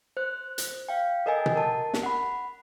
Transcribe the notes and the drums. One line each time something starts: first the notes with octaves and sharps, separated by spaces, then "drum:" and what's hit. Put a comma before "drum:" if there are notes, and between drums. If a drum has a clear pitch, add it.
C5 F#6
drum: hi-hat
F5 G5
A4 A#4 D#5 G5 G#5
drum: tom B2
A#4 A5
drum: snare
F#5 B5